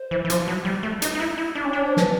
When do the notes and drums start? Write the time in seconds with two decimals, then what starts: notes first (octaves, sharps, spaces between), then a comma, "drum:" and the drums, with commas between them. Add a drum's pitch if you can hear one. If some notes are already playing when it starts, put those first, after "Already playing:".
Already playing: C5
0.11 E3
0.25 E3
0.30 F3, drum: hi-hat
0.48 F#3
0.65 G3
0.83 A3
1.02 D#4, drum: hi-hat
1.15 D#4
1.20 E4
1.38 E4
1.55 D4
1.65 C#4
1.73 D4 C#5
1.85 C5
1.97 B4, drum: snare